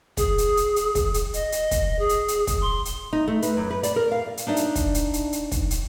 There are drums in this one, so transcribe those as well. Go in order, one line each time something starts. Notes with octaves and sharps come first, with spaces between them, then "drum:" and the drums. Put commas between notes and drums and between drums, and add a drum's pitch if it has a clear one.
G#4, drum: kick, hi-hat
drum: hi-hat
drum: hi-hat
drum: hi-hat
drum: kick, hi-hat
drum: hi-hat
D#5, drum: hi-hat
drum: hi-hat
drum: kick, hi-hat
G#4
drum: hi-hat
drum: hi-hat
drum: kick, hi-hat
C6
drum: hi-hat
D#4
A3
B4, drum: hi-hat
F#2
B4
D5, drum: hi-hat
A#4
F5
drum: hi-hat
D4 D#4 D5 E5
drum: hi-hat
drum: kick, hi-hat
drum: hi-hat
drum: hi-hat
drum: hi-hat
drum: kick, hi-hat
drum: hi-hat